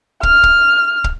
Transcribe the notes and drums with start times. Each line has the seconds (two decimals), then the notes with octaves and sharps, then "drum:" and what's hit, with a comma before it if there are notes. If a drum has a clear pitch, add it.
0.23 F6, drum: kick
0.43 drum: kick
1.04 drum: kick